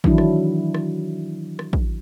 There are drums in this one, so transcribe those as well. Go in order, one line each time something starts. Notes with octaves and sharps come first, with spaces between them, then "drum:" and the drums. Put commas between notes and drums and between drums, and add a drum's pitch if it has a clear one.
D#3 E3 F#3 D4 E4, drum: kick
drum: rim click
drum: rim click
drum: rim click
drum: kick